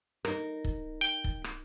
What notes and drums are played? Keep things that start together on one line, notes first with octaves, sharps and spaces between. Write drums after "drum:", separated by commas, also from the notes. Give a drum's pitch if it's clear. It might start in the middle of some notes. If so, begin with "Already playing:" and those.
D#4 A#4, drum: rim click
drum: kick
G5
drum: kick
drum: rim click